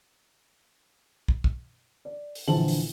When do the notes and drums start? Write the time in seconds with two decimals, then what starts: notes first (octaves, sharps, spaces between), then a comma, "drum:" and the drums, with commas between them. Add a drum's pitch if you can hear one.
1.28 drum: kick
1.44 drum: kick
2.05 D5
2.35 drum: open hi-hat
2.47 A#1 D3 E3 C5 A5 F#7
2.68 drum: open hi-hat